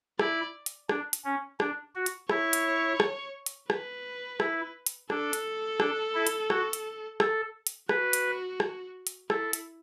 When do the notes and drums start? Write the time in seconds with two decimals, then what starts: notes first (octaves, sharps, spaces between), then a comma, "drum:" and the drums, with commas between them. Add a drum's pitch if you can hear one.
0.19 E4 D5, drum: rim click
0.66 drum: hi-hat
0.89 D4, drum: rim click
1.13 drum: hi-hat
1.25 C#4
1.60 D4, drum: rim click
1.95 F#4
2.06 drum: hi-hat
2.30 E4 C#5, drum: rim click
2.53 drum: hi-hat
3.00 drum: rim click
3.46 drum: hi-hat
3.70 B4, drum: rim click
4.40 E4, drum: rim click
4.87 drum: hi-hat
5.10 D4 A4, drum: rim click
5.33 drum: hi-hat
5.80 D4, drum: rim click
6.15 E4
6.27 drum: hi-hat
6.50 F#4, drum: rim click
6.73 drum: hi-hat
7.20 A4, drum: rim click
7.67 drum: hi-hat
7.89 F#4 B4, drum: rim click
8.13 drum: hi-hat
8.60 drum: rim click
9.07 drum: hi-hat
9.30 E4 A4, drum: rim click
9.53 drum: hi-hat